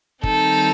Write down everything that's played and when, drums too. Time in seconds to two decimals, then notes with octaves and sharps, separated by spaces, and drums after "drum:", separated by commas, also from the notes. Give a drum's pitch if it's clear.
0.23 D#3 G3 C4 D#4 A4, drum: kick